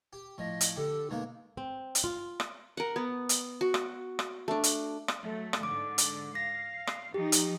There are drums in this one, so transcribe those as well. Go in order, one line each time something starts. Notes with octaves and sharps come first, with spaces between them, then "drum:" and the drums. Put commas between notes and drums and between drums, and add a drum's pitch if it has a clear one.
G4
A2 F3 D#5
drum: hi-hat
D3 G4 A4
B2 G#3 A#3 D#4
C4
drum: hi-hat
F4
drum: rim click
A#4 F#5
B3
drum: hi-hat
F#4
drum: rim click
drum: rim click
A3 D4
drum: hi-hat
drum: rim click
F#3 A3
drum: rim click
G#2 D3 D6
drum: hi-hat
F5 A#6
drum: rim click
F3 D#4 G4
drum: hi-hat